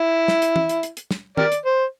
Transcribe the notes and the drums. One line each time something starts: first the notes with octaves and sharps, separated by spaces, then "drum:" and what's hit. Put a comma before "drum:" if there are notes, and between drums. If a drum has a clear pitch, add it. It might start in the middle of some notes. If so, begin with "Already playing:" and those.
Already playing: E4
drum: snare
drum: hi-hat
drum: tom
drum: hi-hat
drum: hi-hat
drum: hi-hat
drum: snare
G4 A#4 D5, drum: tom
drum: hi-hat
C5